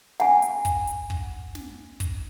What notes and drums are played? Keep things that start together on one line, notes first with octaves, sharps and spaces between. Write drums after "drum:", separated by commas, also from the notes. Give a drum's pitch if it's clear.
F#5 G#5, drum: snare
drum: hi-hat
drum: kick, hi-hat
drum: hi-hat
drum: kick
drum: snare
drum: kick, hi-hat